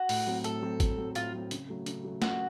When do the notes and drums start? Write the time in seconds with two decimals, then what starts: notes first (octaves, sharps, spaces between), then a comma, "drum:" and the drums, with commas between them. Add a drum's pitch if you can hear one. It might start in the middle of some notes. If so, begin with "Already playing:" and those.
Already playing: F#4
0.09 A2, drum: open hi-hat
0.27 F#3 C4
0.44 A2 A4, drum: hi-hat
0.62 F#3 C4
0.80 A2, drum: kick, hi-hat
0.98 F#3 C4
1.15 A2 F4, drum: hi-hat
1.33 F#3 C4
1.51 C#3, drum: hi-hat
1.69 F#3 A3
1.86 C#3, drum: hi-hat
2.04 F#3 A3
2.22 C#3 F#4, drum: snare